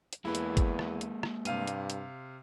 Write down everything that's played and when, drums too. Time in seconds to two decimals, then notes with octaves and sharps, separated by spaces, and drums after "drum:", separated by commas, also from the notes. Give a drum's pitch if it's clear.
0.13 drum: hi-hat
0.25 E2 G#3 A#3 E4 B4
0.35 drum: hi-hat
0.57 drum: kick, hi-hat
0.79 drum: rim click
1.01 drum: hi-hat
1.23 drum: rim click
1.45 G2 C3 F5 D#7, drum: hi-hat
1.67 drum: hi-hat
1.90 drum: hi-hat